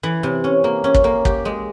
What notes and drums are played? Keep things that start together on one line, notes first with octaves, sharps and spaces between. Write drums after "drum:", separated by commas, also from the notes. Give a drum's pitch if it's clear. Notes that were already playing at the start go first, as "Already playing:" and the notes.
E3
C3
C#4
A#3
C#4
drum: kick
A#3
G4, drum: kick
G#3